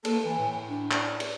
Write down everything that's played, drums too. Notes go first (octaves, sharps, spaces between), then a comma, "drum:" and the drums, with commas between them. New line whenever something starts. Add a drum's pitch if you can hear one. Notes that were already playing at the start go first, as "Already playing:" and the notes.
A#3 A4, drum: cymbal
E3 G#5
A2
D4
D5, drum: clap
drum: cymbal